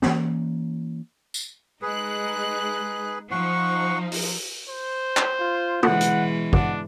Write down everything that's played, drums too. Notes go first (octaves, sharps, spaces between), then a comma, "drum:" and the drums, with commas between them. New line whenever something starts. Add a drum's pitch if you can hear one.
E3 A#3 C#4, drum: snare
drum: tambourine
G#3 D#4 G#4 B4 F#6
F3 D#4 F#5 C#6
drum: open hi-hat
C5
drum: clap
F4
B2 E3 G#3 F#5, drum: tom
drum: hi-hat
D4 F#5, drum: kick